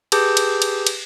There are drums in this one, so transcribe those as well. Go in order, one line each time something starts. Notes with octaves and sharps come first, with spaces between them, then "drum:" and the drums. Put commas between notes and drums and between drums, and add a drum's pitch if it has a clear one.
G4 G#4 B4 A5 D6 G6, drum: cymbal
drum: cymbal
drum: cymbal
drum: cymbal